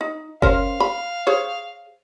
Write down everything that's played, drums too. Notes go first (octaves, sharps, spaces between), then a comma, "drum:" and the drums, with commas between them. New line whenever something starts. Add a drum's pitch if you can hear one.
D#4
C#4 A#4 C5 F5, drum: kick F#1
B5
G#4 C5 C#5